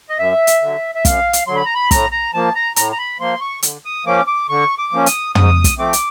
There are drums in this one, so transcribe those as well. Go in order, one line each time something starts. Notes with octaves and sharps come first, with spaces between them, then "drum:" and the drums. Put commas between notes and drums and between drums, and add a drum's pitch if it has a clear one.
D#5
F#2 E5
drum: hi-hat
D3 F#3
E5
F#2 F5, drum: kick, hi-hat
drum: hi-hat
D3 F#3 C6
B5
A#5
B5
A2 A#5, drum: kick, hi-hat
A#5
F3 A#3 A5
A#5
A2 A#5, drum: hi-hat
A#5
B5
F3 A#3 C6
C#6
D3, drum: hi-hat
D#6
F3 A#3 C#4 D6
D6
D3 C#6
D6
F3 A#3 C#4
D#6, drum: hi-hat
G#2 D#6, drum: tom
drum: kick, hi-hat
F3 A3 C4 D6
drum: hi-hat